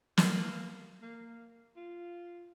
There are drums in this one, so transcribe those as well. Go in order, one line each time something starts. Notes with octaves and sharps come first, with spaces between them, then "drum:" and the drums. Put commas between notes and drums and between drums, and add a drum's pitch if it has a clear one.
A#3, drum: snare
A#3
F4